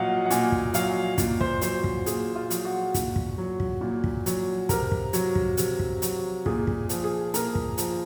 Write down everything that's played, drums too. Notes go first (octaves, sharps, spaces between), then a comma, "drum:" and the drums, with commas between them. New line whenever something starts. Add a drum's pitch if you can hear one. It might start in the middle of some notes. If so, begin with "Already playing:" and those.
Already playing: A#2 F#3 D#5 F5 F#5
F#5
A#2 G#5, drum: hi-hat
drum: kick
F#3 F5, drum: hi-hat
A#2, drum: kick, hi-hat
C5, drum: kick
F#3 C5, drum: hi-hat
drum: kick
A#2 G#4, drum: hi-hat
F4
F#3, drum: hi-hat
F#4
A#2, drum: kick, hi-hat
drum: kick
F#3
drum: kick
A#2
drum: kick
F#3, drum: hi-hat
C3 A#4, drum: kick, hi-hat
drum: kick
F#3, drum: hi-hat
drum: kick
C3, drum: hi-hat
drum: kick
F#3, drum: hi-hat
A#2 G#4, drum: kick
drum: kick
F3, drum: hi-hat
G#4
A#2 A#4, drum: hi-hat
drum: kick
F3, drum: hi-hat